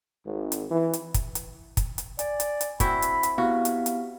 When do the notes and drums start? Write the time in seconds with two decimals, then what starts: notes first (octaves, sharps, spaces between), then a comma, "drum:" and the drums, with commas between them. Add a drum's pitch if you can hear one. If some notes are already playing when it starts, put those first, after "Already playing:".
0.24 G#1
0.52 drum: hi-hat
0.69 E3
0.93 drum: hi-hat
1.14 drum: kick, hi-hat
1.35 drum: hi-hat
1.77 drum: kick, hi-hat
1.98 drum: hi-hat
2.19 D5 G#5, drum: hi-hat
2.40 drum: hi-hat
2.61 drum: hi-hat
2.80 C4 E4 F#4 B5, drum: kick, hi-hat
3.02 drum: hi-hat
3.23 drum: hi-hat
3.38 B3 E4 F#4 G4 F5
3.65 drum: hi-hat
3.86 drum: hi-hat